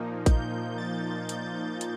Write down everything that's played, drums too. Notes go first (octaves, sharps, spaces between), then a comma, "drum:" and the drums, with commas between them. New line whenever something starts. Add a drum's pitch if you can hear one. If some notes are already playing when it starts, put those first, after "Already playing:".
Already playing: A#2 F3 A#3 D#4
G6, drum: kick A1, hi-hat
A6
G6, drum: hi-hat
drum: hi-hat